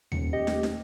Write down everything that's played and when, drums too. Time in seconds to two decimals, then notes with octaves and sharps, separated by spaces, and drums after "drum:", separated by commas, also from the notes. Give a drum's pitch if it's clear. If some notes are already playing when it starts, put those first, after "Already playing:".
0.12 D#1 C#7, drum: tom D#2
0.33 G4 D#5
0.47 drum: snare
0.63 drum: snare